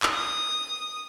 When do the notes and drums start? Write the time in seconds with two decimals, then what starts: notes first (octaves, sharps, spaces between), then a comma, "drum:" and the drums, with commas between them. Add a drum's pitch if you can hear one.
0.03 drum: clap
0.14 D#6